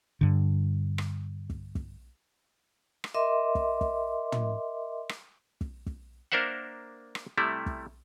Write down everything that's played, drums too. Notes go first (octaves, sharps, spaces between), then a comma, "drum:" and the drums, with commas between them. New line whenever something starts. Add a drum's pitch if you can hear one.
G2 D3
drum: rim click
drum: kick
drum: kick
drum: rim click
A#4 D#5 E5 C6 D6
drum: kick
drum: kick
drum: tom
drum: rim click
drum: kick
drum: kick
A#3 D4 A#4 C5 E5 F#5
drum: rim click
C3 G3 A3 E4
drum: kick